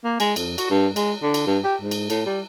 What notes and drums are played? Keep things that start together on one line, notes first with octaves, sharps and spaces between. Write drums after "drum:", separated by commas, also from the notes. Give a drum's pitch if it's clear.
A#3
G#3, drum: cymbal
F2, drum: cymbal
F#4, drum: cymbal
G2
G#3, drum: cymbal
D3
drum: cymbal
G2
G4
G#2
drum: cymbal
A2, drum: cymbal
G3